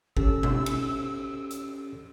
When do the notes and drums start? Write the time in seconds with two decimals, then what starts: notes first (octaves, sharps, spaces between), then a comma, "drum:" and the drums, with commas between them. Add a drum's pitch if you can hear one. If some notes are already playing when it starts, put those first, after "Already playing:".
0.17 C#4 G4 A4 E6, drum: kick G#1
0.43 drum: tom B2
0.66 drum: cymbal
1.50 drum: hi-hat